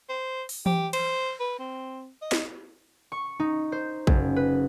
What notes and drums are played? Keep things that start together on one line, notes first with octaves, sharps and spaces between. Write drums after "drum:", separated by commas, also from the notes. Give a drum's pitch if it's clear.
C5
drum: open hi-hat
G4, drum: tom E3
C5, drum: cymbal
B4
C4
D#5
drum: snare
C#6
D#4
C5
F#1, drum: kick
B4